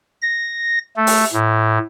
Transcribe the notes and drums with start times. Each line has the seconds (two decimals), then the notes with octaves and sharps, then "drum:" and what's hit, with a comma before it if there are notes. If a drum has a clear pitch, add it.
0.22 A#6
0.96 A3
1.07 drum: open hi-hat
1.34 A2